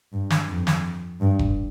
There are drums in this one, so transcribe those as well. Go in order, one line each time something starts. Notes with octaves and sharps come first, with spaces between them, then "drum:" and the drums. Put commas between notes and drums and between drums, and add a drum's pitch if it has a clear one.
G2
drum: snare
F2
drum: snare
G2
drum: kick F1